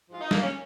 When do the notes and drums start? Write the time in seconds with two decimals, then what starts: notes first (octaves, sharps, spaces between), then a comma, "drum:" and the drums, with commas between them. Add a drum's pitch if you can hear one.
0.09 G#2 F3 G#3 F4
0.21 D#4
0.31 A#3, drum: snare
0.42 C#4